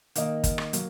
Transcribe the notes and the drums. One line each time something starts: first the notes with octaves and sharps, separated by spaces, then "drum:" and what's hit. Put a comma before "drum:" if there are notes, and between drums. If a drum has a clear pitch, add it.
D#3 A#3 D#4, drum: hi-hat
drum: kick, hi-hat
drum: rim click
F#3 A#3, drum: hi-hat